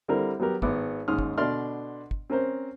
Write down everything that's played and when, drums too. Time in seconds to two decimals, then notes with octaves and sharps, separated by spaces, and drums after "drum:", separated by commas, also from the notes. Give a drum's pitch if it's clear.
0.08 D3 G3 C4 E4 A#4
0.40 F#3 B3 G4 A#4
0.62 G#1 B3 D6, drum: kick
1.08 D#2 G#2 C#4 C6 D#6 F6
1.19 drum: kick
1.38 B2 D3 D4 D5 C6 F6
2.11 drum: kick
2.30 C4 C#4 A#4 C5